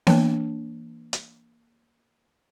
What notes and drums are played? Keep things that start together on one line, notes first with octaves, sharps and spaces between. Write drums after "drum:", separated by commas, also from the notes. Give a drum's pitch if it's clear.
E3 A#3 D4 C#5, drum: snare B3
drum: hi-hat